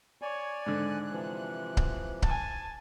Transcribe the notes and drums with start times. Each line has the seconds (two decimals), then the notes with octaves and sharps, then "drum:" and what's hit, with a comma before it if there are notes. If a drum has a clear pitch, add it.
0.22 C#5 D5 G#5
0.66 G#2 D3 F#6
1.12 C3 E3 F3
1.77 drum: kick C#1
2.22 G#5 A5, drum: kick C#1